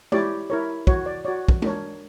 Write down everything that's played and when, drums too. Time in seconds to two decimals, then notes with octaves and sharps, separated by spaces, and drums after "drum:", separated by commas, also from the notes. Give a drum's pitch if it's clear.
0.12 E4 G4 C#5 D5, drum: tom G#3
0.50 E4 A#4 C#5
0.87 F#4 C#5, drum: kick
1.06 D5
1.25 F#4 C#5 D5
1.48 drum: kick
1.62 D4 A#4 C#5, drum: tom G#3